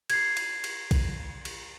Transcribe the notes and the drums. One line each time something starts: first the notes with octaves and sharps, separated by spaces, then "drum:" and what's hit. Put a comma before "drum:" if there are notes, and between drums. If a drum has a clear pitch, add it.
G#6 C7, drum: cymbal
drum: cymbal
drum: cymbal
drum: kick B1, cymbal
drum: cymbal